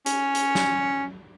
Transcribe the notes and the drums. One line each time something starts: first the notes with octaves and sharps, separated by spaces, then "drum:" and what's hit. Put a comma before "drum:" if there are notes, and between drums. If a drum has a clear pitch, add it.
C#4, drum: hi-hat
drum: hi-hat
drum: snare